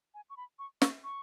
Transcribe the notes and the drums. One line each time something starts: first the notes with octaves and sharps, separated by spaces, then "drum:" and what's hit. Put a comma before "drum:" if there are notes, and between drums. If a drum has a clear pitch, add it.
G#5
C#6
B5
C#6
C#6, drum: snare
C#6